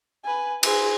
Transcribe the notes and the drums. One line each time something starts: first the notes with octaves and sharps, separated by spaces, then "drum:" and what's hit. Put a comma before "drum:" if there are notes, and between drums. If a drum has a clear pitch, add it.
B4 G#5
G#4 C5, drum: cymbal